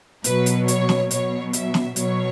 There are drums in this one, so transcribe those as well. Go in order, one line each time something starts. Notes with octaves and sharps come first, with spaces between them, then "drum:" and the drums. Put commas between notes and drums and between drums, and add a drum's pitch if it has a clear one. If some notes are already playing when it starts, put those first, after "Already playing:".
B2 F#3 B4, drum: hi-hat
drum: hi-hat
C#5, drum: hi-hat
drum: snare
B2 F#3 C#5, drum: hi-hat
E5, drum: hi-hat
drum: snare
B2 F#3 C#5, drum: hi-hat